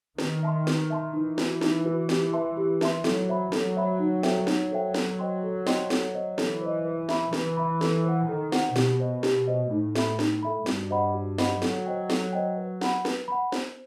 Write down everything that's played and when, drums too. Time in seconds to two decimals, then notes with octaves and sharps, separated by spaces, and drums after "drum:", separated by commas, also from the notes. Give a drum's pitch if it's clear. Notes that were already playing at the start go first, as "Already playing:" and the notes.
0.19 D#3 B4, drum: snare
0.43 E5 A5 C6
0.67 B4, drum: snare
0.90 E5 A5 C6
1.13 E3 D#4
1.38 F#4 B4, drum: snare
1.61 D#4, drum: snare
1.85 F#4 B4
2.09 G4, drum: snare
2.33 B4 E5 A5 C6
2.57 G4
2.81 B4 E5 A5 C6, drum: snare
3.04 F#3 A4, drum: snare
3.29 C5 E5 B5
3.52 F#3 A4, drum: snare
3.76 C5 E5 B5
3.99 D#4
4.23 A4 C5 E5 G5, drum: snare
4.47 F#3 D#4, drum: snare
4.72 A4 C5 E5 G5
4.94 A4, drum: snare
5.19 C5 D#5 G5 C6
5.43 A4
5.67 C5 D#5 G5 C6, drum: snare
5.90 A4, drum: snare
6.14 C5 D#5
6.38 E3 A4, drum: snare
6.61 C5 D#5
6.85 B4
7.09 E5 B5, drum: snare
7.33 E3 B4, drum: snare
7.57 E5 B5
7.81 A4, drum: snare
8.04 C5 F#5
8.28 D#3 A4
8.52 C5 F#5, drum: snare
8.76 B2 G4, drum: snare
9.00 C5 D#5
9.23 G4, drum: snare
9.47 C5 D#5
9.71 A2 D#4
9.95 A4 E5 B5, drum: snare
10.19 D#4, drum: snare
10.43 A4 E5 B5
10.66 G2 F#4, drum: snare
10.91 C5 D#5 F#5 B5
11.14 F#4
11.38 C5 D#5 F#5 B5, drum: snare
11.62 F#3 A4, drum: snare
11.86 C5 D#5 G5
12.10 A4, drum: snare
12.33 C5 D#5 G5
12.58 B4
12.81 F#5 B5, drum: snare
13.05 B4, drum: snare
13.28 F#5 B5
13.52 C5, drum: snare